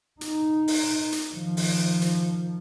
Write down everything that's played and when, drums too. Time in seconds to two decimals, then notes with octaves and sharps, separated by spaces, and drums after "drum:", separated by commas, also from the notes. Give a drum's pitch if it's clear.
0.21 D#4, drum: hi-hat
0.68 drum: open hi-hat
1.12 drum: hi-hat
1.35 D#3 F3
1.57 drum: open hi-hat
2.02 drum: hi-hat